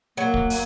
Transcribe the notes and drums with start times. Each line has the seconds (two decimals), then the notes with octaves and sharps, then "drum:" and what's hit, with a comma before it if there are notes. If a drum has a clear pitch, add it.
0.17 F#3 A#3
0.34 drum: kick
0.50 drum: open hi-hat